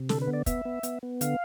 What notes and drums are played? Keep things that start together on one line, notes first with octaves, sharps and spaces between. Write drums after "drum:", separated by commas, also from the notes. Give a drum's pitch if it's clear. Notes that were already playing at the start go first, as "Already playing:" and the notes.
Already playing: C3
D3 A4, drum: snare
B4
B3
D5
B3 E5, drum: kick, hi-hat
B3
B3, drum: hi-hat
B3
D3 F5, drum: hi-hat